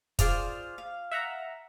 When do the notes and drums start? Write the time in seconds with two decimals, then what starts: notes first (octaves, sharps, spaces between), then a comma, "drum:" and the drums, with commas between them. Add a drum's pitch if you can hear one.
0.19 F4 G#4 C5 D5 F6, drum: kick, hi-hat
0.78 F5
1.11 E5 F#5 A#5